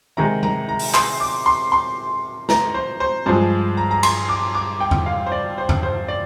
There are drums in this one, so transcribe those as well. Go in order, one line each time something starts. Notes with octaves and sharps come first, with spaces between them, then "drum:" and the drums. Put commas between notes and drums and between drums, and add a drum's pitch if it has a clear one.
C3 D#3 G#3 A#5
A#5, drum: tom G3
A#5
drum: open hi-hat
C6, drum: clap
D6
C6
C6
A#5, drum: snare
C5
C5
G2 F3 G#3 C5
A#5
A#5
C6, drum: cymbal
D6
D6
G5
drum: tom E2
F5
C5
D5
C5
drum: tom E2
C5
D5